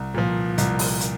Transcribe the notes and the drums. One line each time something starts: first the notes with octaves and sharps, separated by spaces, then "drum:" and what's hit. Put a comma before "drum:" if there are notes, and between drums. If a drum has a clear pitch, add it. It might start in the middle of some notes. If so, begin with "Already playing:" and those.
Already playing: C2
A#2 F3
C2, drum: hi-hat
drum: open hi-hat
drum: hi-hat